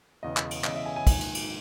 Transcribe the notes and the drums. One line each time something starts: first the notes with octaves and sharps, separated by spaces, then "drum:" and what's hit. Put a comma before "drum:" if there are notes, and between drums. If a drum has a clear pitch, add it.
E1 E2 C#3 D#5
drum: clap
drum: cymbal
E1 E2 C#3 D#5, drum: clap
E5
G#5
G#5
A#1 G#2 D#3, drum: kick, cymbal
drum: cymbal
drum: cymbal